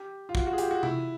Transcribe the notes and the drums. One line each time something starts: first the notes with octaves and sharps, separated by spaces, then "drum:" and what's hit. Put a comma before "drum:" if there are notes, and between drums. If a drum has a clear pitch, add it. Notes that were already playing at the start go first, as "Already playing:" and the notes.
Already playing: G4
F4
F#4, drum: kick
F#4
G#4
G4, drum: hi-hat
F#4
E4, drum: tom C3